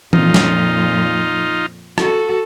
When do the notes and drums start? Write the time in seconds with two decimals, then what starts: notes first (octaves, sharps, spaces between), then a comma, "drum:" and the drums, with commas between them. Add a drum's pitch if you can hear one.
0.13 F2 A#2 D#4 F4, drum: tom E3
0.34 drum: snare
1.98 F#4 A4, drum: rim click